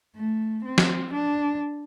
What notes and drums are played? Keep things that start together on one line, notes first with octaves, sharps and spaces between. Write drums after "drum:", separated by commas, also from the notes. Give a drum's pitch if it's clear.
A3
C4
drum: snare
D4